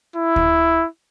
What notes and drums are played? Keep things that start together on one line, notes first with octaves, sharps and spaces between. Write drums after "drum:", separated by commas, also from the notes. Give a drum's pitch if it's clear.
E4
drum: kick D2